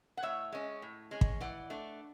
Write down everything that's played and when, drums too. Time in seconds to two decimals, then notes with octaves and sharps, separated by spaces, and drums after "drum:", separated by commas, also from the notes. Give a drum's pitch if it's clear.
0.17 F#5
0.23 A2 C#5 E5
0.52 G#3 C#4
0.82 A2
1.11 G#3 C#4
1.21 drum: kick
1.40 E3 D5 F#5
1.70 A3 D4